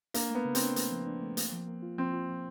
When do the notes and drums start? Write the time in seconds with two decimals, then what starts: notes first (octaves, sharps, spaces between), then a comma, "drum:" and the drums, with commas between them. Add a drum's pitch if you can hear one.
0.14 A#3 D4, drum: hi-hat
0.30 A3
0.35 B3
0.45 C#3
0.55 C4, drum: hi-hat
0.61 D4
0.76 A3, drum: hi-hat
0.91 F3
1.07 D4
1.22 A3
1.37 A#3, drum: hi-hat
1.52 F3
1.67 A#3
1.82 F4
1.98 F3 C4
2.13 F4
2.28 F3